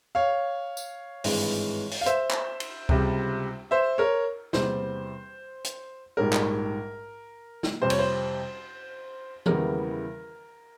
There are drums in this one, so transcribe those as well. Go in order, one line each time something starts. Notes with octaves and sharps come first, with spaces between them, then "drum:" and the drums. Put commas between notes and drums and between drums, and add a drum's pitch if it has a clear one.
C#5 F5
drum: tambourine
G#1 G2 E3 G#3, drum: open hi-hat
drum: open hi-hat
F5
C5 E5, drum: hi-hat
drum: clap
drum: cymbal
C#2 C3 G3, drum: kick C#2
C5 E5
A#4 C#5
E2 C3 G3 C5, drum: snare
drum: hi-hat
A#1 G#2 G3 A#4
drum: clap
drum: snare
F2 C3 G3 C5
C#5, drum: cymbal
C5
E2 C#3 E3 G3 A#4, drum: tom D#3